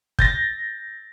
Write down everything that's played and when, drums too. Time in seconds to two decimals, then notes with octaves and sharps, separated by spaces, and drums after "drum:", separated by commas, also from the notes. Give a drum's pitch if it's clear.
0.19 G6 A6 A#6, drum: kick